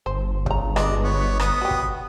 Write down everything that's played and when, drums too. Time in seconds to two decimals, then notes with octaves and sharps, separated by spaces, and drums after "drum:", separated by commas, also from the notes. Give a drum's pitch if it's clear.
0.06 G1 C5
0.46 C#3 A#5, drum: kick
0.76 G#3 B4 D5 D#5, drum: rim click
1.03 B3 C#5
1.40 B3 D#6, drum: rim click
1.61 F#4 G4
1.71 drum: kick